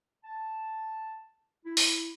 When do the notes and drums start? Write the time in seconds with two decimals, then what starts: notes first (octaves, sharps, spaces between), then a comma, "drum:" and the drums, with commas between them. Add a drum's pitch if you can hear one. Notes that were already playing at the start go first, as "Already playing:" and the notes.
0.24 A5
1.66 E4
1.77 drum: open hi-hat